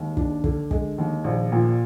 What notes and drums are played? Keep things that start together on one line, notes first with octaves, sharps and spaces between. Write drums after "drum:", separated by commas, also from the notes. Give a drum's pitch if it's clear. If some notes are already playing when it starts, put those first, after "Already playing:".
Already playing: D#2 G#3
D4, drum: kick
D3, drum: kick
G#3, drum: kick
D#2
A#1
A#2